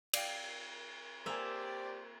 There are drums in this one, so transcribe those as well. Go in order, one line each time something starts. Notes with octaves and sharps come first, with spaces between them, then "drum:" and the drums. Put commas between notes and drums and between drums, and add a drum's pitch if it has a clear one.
D5 F5 G5, drum: cymbal
A#3 G4 A#4 C5 D5 E5 G#5